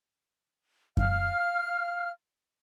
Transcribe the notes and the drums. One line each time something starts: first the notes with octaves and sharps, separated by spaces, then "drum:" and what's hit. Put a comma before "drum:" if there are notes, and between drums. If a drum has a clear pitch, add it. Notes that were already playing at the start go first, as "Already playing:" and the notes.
F5 F6, drum: kick F#2